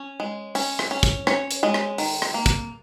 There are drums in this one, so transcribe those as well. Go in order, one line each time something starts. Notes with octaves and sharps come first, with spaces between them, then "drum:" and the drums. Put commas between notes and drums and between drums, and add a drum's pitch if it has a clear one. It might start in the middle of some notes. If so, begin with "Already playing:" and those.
Already playing: C#4
G#3
C#4, drum: open hi-hat
drum: rim click
C#4
drum: kick, hi-hat
C#4 C#5, drum: rim click
drum: hi-hat
G#3 D#5
drum: rim click
D#3, drum: open hi-hat
drum: rim click
A#3
drum: kick, hi-hat